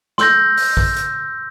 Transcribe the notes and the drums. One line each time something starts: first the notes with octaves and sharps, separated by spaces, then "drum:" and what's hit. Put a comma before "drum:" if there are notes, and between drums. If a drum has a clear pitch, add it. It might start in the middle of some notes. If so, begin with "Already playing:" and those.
C6 E6 G6 A#6, drum: snare
drum: open hi-hat
drum: kick A1
drum: hi-hat